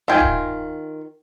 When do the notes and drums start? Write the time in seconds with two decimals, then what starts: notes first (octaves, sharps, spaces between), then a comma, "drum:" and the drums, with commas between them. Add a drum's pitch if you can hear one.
0.08 D#3 F4 E5 G5 G#5
0.20 drum: kick